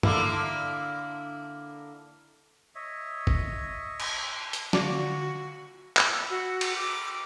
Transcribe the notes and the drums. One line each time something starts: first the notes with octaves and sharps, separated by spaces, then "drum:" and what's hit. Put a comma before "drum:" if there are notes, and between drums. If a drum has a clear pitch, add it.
D3 A#3 E4, drum: tom G2
C#5 D#5 E5
drum: kick
drum: cymbal
drum: hi-hat
D3 F4 F#4 D5, drum: snare
B5 E6, drum: clap
F#4
drum: cymbal
D6